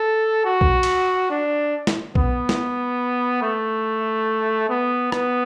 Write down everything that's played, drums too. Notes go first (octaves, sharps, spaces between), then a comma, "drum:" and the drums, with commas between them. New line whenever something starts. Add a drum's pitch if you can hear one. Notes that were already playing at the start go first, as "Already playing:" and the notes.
Already playing: A4
F#4
drum: kick B1
drum: cymbal
D4
drum: snare
B3, drum: kick B1
drum: snare
A3
B3
B3, drum: rim click